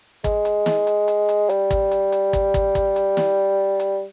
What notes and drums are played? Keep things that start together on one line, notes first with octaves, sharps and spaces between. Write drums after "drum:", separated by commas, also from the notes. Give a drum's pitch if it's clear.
G#3, drum: kick, hi-hat
drum: hi-hat
drum: snare
drum: hi-hat
drum: hi-hat
drum: hi-hat
G3, drum: hi-hat
drum: kick, hi-hat
drum: hi-hat
drum: hi-hat
drum: kick, hi-hat
drum: kick, hi-hat
drum: kick, hi-hat
drum: hi-hat
drum: snare
drum: hi-hat